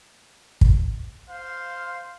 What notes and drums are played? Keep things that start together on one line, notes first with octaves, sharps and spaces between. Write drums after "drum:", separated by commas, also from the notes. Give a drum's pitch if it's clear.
drum: kick
C5 F5